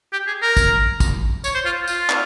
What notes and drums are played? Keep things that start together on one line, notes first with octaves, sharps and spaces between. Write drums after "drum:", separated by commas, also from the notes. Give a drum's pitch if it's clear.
G4
G#4
A#4
drum: kick, tambourine
drum: kick, tambourine
C#5, drum: tambourine
C5
F4
F4, drum: tambourine
drum: clap